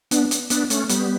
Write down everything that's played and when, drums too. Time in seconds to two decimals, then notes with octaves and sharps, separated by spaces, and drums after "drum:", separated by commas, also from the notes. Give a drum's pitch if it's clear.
0.11 B3 D4, drum: hi-hat
0.31 drum: hi-hat
0.50 B3 D4, drum: hi-hat
0.70 A3 C#4, drum: hi-hat
0.89 G3 B3, drum: hi-hat